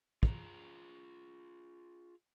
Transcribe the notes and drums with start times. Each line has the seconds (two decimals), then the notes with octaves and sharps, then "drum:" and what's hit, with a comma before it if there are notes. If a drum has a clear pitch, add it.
0.23 F4 G#4 A#5, drum: kick